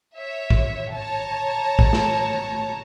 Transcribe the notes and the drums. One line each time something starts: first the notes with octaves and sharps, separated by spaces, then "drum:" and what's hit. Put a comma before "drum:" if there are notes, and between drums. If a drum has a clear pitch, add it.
C#5 E5
drum: kick
C#5 A5 A#5
drum: kick
drum: snare